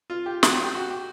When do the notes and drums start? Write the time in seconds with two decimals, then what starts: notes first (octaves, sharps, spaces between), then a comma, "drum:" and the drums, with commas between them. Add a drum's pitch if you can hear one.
0.10 F4
0.26 G4
0.43 F#4, drum: snare
0.52 G4
0.64 G4
0.75 F#4
0.90 G4